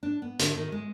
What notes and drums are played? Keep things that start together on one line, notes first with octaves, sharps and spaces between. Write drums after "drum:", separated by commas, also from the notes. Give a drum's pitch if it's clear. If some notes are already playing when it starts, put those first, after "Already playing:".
D4
B3
D3, drum: hi-hat
D#3
G#3